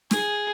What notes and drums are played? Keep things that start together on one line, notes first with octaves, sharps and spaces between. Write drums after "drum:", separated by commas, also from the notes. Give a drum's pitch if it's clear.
G#4, drum: snare